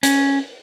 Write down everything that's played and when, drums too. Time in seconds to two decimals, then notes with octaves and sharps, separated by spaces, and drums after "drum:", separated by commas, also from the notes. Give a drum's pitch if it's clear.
0.03 C#4, drum: hi-hat